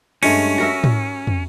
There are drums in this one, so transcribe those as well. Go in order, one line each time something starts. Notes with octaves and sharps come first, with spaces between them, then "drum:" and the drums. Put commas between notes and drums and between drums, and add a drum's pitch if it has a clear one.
G2 G#3 A3 C#4, drum: cymbal
F#4 A#4 E5
drum: tom
drum: tom